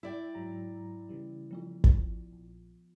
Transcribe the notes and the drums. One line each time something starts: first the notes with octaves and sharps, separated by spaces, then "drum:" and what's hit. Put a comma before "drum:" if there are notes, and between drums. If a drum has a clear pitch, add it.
E4 D5 G5 E6
G#2 F#3 A#5
C#3 E3 G3
F3 B3 F4
drum: kick
A#1